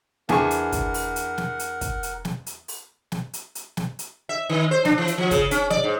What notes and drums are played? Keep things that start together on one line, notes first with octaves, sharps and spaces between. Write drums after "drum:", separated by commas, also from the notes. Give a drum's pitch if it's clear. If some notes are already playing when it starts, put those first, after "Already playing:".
E2 D4 G#4 A#4 F#5 G#5 C#6, drum: snare
drum: hi-hat
drum: kick, hi-hat
drum: open hi-hat
drum: hi-hat
drum: snare
drum: hi-hat
drum: kick, hi-hat
drum: hi-hat
drum: snare
drum: hi-hat
drum: open hi-hat
drum: snare
drum: hi-hat
drum: hi-hat
drum: snare
drum: hi-hat
E5
D#3
C5
D4, drum: snare
E3
drum: hi-hat
F3
C#3, drum: kick, hi-hat
C#4, drum: hi-hat
D5, drum: snare
G#2